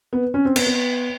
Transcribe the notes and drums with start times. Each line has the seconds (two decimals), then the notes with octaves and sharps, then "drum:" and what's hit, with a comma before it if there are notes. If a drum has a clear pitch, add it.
0.13 B3
0.34 C#4
0.45 C4
0.56 B3, drum: cymbal
0.66 B3